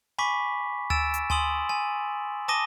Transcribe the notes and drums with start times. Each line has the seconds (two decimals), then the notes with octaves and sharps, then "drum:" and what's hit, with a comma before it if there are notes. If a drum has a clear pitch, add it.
0.18 G#5 B5 C#6 D6 B6
0.90 G#5 E6 A6 D7 E7, drum: tom D2
1.14 drum: hi-hat
1.30 G#5 C6 D#6 F#7, drum: tom D2
1.69 G#5
2.48 A5 D6 D#6 A#6 D#7 G7